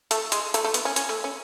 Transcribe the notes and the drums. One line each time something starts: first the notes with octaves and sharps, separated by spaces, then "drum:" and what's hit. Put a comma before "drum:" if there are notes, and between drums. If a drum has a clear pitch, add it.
A3, drum: hi-hat
G#3, drum: hi-hat
A3, drum: hi-hat
A3
B3, drum: hi-hat
C#4
C#4, drum: hi-hat
A3
C#4